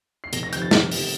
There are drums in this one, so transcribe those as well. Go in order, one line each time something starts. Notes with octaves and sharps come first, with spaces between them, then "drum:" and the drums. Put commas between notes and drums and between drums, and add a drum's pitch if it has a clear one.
C7
F1 A#6, drum: hi-hat
A#6
F2 C3 D#3 G6, drum: hi-hat
A6
F1 F6, drum: snare
F2 C3 D#3, drum: open hi-hat